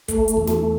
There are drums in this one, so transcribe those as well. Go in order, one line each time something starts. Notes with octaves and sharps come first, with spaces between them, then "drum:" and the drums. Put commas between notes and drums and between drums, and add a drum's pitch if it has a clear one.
A3, drum: kick, hi-hat
drum: hi-hat
E2
drum: snare